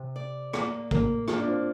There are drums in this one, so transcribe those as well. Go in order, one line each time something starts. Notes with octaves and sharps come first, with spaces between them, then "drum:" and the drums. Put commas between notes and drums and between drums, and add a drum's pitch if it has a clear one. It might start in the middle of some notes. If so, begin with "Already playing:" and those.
Already playing: C3
D5
A#3, drum: rim click
A#3, drum: kick
A#3 F4, drum: rim click
D4
C4 F4